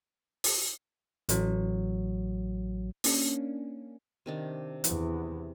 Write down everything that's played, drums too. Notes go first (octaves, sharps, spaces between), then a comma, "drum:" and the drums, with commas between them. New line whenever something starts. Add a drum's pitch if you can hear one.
drum: open hi-hat
A1 F#3, drum: hi-hat
A#3 C#4 D4, drum: open hi-hat
C3 D#3 D4
E2, drum: hi-hat